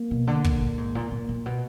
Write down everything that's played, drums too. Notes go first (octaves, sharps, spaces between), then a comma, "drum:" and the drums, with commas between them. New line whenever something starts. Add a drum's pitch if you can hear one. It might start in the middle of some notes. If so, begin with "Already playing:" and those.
Already playing: A#3
B2
D3
drum: kick
A#2
G#2
A#2
A#2 A#3
A#2
B2